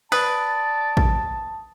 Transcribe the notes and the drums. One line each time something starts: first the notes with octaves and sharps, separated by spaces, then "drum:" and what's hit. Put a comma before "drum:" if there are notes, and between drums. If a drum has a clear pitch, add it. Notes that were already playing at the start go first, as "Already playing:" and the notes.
B4 D5 A5 D#6, drum: open hi-hat
drum: kick A1